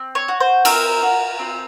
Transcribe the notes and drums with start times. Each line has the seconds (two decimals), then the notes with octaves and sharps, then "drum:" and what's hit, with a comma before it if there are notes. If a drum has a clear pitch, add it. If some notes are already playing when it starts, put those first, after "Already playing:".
Already playing: C4
0.15 C#5
0.28 F#4
0.40 C5
0.65 C4 A#4, drum: cymbal
1.02 F#4
1.39 C4